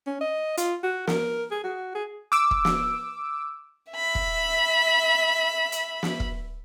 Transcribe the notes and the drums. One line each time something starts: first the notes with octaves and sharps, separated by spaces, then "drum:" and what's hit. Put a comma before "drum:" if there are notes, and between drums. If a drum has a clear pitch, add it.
C#4
D#5
F4, drum: hi-hat
F#4
A#4, drum: snare
G#4
F#4
G#4
D6 E6 D7
drum: kick
drum: snare
E5 B5
drum: kick
drum: hi-hat
drum: snare
drum: kick